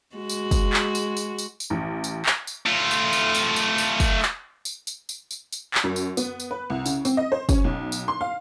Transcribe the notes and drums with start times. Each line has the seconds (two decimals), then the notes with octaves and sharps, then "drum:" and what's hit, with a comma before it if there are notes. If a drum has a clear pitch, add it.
0.16 G#3 F#4
0.29 drum: tambourine
0.51 drum: kick, tambourine
0.73 drum: clap
0.95 drum: tambourine
1.17 drum: tambourine
1.38 drum: tambourine
1.60 drum: tambourine
1.70 A1
2.04 drum: tambourine
2.26 drum: clap
2.47 drum: tambourine
2.66 A3 F4
2.91 drum: tambourine
3.13 drum: tambourine
3.35 drum: tambourine
3.56 drum: tambourine
3.78 drum: tambourine
4.00 drum: kick, tambourine
4.22 drum: clap
4.65 drum: tambourine
4.87 drum: tambourine
5.09 drum: tambourine
5.31 drum: tambourine
5.52 drum: tambourine
5.74 drum: clap
5.84 F#2
5.96 drum: tambourine
6.17 B3, drum: tambourine
6.40 drum: tambourine
6.51 B4
6.70 C2
6.86 C#3, drum: tambourine
7.05 C4, drum: tambourine
7.17 D#5
7.32 C5
7.49 C#4, drum: kick, tambourine
7.64 B1
7.92 drum: tambourine
8.08 C6
8.21 F5